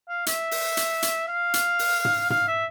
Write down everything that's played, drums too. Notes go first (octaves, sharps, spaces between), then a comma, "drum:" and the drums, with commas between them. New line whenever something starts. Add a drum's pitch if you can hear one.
F5
E5, drum: hi-hat
drum: open hi-hat
drum: hi-hat
drum: hi-hat
F5
drum: hi-hat
drum: open hi-hat
drum: tom
F5, drum: tom
E5